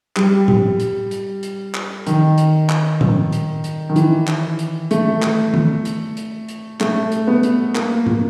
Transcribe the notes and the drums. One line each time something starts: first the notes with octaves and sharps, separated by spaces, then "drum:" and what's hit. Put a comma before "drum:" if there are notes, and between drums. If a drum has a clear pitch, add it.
G3, drum: clap
drum: tom A2
drum: hi-hat
drum: hi-hat
drum: hi-hat
drum: clap
D#3, drum: hi-hat
drum: hi-hat
drum: clap
drum: tom A2
drum: hi-hat
drum: hi-hat
D#3
E3, drum: hi-hat
drum: clap
drum: hi-hat
A3, drum: hi-hat
drum: clap
drum: tom
drum: hi-hat
drum: hi-hat
drum: hi-hat
A3, drum: clap
drum: hi-hat
B3
drum: hi-hat
A#3, drum: clap
drum: tom